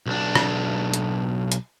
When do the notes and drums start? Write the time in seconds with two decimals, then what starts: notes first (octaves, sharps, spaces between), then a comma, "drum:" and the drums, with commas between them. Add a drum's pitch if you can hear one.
0.06 B1 D4
0.35 drum: rim click
0.94 drum: hi-hat
1.52 drum: hi-hat